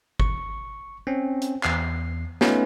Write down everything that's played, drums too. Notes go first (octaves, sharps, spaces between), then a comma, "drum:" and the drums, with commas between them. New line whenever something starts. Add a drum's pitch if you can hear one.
C#6, drum: kick G1
C4 C#4
drum: hi-hat
E2 C7, drum: clap
A3 B3 C#4 D#4 F4 B4, drum: snare